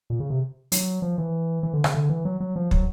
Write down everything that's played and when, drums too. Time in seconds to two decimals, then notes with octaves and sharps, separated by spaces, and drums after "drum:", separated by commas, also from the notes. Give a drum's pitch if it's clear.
0.10 A#2
0.20 C#3
0.30 C3
0.72 F#3, drum: hi-hat
1.02 F3
1.18 E3
1.63 E3
1.73 D3
1.84 C#3, drum: rim click
1.94 D3
2.09 E3
2.25 F#3
2.40 F#3
2.56 F3
2.71 F#3, drum: kick